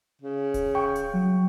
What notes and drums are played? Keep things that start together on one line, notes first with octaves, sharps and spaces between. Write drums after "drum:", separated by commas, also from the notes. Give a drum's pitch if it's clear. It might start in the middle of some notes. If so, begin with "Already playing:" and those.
C#3
drum: kick D1, hi-hat
G5 C#6
drum: hi-hat
F#3